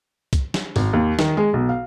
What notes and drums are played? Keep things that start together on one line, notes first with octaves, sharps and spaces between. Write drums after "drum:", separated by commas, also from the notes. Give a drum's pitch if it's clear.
drum: kick C2, hi-hat
drum: snare
G#1, drum: open hi-hat
D#2
D#3, drum: snare
G#3
B1
F5